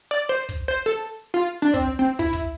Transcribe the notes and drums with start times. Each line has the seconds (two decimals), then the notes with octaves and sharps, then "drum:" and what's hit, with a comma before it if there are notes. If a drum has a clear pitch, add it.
0.11 D5
0.29 C5
0.49 drum: kick, hi-hat
0.68 C5
0.86 A4
1.05 drum: open hi-hat
1.20 drum: hi-hat
1.34 F4
1.62 D4, drum: hi-hat
1.74 C4, drum: kick, hi-hat
1.99 C4
2.19 E4, drum: kick, hi-hat
2.33 drum: kick, hi-hat